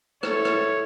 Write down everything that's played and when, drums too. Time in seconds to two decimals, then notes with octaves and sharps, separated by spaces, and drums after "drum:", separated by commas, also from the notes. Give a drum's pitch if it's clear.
0.23 E4 A4 C#5, drum: rim click
0.45 drum: rim click